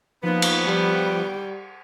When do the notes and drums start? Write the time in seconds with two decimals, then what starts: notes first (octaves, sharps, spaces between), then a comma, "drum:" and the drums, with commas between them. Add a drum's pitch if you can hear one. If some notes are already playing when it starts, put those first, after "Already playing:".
0.23 F3 A#3 B3 D#4
0.42 drum: cymbal
0.65 G3 G5